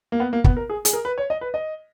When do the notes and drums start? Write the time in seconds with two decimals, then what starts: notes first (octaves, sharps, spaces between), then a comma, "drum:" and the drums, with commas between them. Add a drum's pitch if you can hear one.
0.12 A#3
0.20 B3
0.33 A#3
0.44 B3, drum: kick
0.57 A#4
0.70 G#4
0.85 G#4, drum: hi-hat
0.93 A#4
1.05 B4
1.18 C#5
1.30 D#5
1.41 B4
1.54 D#5